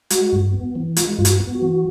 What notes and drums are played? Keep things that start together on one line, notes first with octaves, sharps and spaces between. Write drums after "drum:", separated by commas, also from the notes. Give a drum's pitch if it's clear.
G#3 F#4, drum: hi-hat
G2
B3
E3
G#3 F4, drum: hi-hat
G2 F4
F#4, drum: hi-hat
B3
F#4
E3